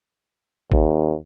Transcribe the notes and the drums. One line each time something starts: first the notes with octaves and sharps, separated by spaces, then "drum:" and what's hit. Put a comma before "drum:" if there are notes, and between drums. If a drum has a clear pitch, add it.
D#2, drum: kick G#1